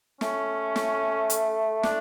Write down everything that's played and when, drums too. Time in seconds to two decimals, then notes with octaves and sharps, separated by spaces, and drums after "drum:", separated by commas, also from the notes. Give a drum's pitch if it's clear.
0.21 A3 C#4, drum: snare
0.76 drum: snare
1.30 drum: hi-hat
1.83 D4, drum: snare